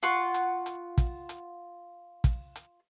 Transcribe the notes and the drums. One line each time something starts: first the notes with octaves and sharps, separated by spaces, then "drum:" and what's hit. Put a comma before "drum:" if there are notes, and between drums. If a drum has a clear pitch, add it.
F4 F#5 C#6, drum: hi-hat
drum: hi-hat
drum: hi-hat
drum: kick, hi-hat
drum: hi-hat
drum: kick, hi-hat
drum: hi-hat